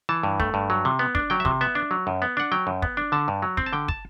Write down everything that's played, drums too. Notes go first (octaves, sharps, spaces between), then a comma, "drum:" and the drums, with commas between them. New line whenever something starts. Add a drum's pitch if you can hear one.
E3 A5
G2
A3, drum: kick
G2
F#3
C3
B3
D4, drum: kick
F#3 G5
E5
C3, drum: kick
B3 E5
D4
F#3
F#2
B3
D4 F#5
F#3 G5
F#2
B3, drum: kick
D4
D3 A5
G2
F#3
C4, drum: kick
A5
D3 G5
A5, drum: kick